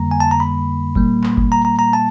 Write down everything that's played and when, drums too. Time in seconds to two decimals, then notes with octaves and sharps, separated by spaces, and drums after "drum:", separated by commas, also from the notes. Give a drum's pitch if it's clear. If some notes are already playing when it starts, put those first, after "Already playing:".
Already playing: F2 D3 G3 A#3 A#5
0.11 G#5
0.20 A5
0.31 A#5
0.40 B5
0.95 A#2 G3 A#3, drum: kick F#1
1.24 drum: clap
1.37 drum: kick F#1
1.52 A#5
1.65 A#5
1.79 A#5
1.93 A5